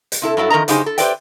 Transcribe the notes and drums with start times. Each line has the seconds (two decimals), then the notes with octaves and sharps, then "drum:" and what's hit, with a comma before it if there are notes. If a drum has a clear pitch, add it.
0.12 drum: hi-hat
0.22 C3 E4 A4
0.37 G2 F#3 E4 A4
0.50 F2 D#3 A#4 D#5 A#5
0.68 F#2 C#3 D#4 G4 G#4 C5, drum: hi-hat
0.86 A4
0.98 G4 B4 C5 D5 E5 G5, drum: hi-hat